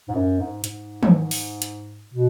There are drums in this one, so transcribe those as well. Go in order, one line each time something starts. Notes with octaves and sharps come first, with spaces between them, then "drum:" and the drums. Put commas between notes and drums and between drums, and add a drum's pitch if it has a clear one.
G#2
F#2
G#2
G#2, drum: hi-hat
drum: tom
drum: open hi-hat
drum: hi-hat
B2